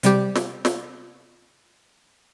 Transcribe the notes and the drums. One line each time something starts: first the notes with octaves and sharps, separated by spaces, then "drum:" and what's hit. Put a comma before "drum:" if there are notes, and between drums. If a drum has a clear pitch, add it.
C3 G3 G4, drum: hi-hat
drum: snare
drum: snare